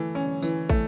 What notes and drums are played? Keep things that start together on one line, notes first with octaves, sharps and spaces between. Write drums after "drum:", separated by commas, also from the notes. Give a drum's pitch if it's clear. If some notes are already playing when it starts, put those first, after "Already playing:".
Already playing: E3 A3
C#4
E3, drum: tambourine
A3, drum: kick